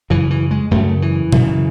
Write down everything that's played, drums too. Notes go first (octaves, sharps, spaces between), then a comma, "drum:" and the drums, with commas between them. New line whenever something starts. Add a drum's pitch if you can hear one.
F#2 C#3 E3
E3
G#3
F#2 C#3 A3
E3
F#2 C#3, drum: tom B2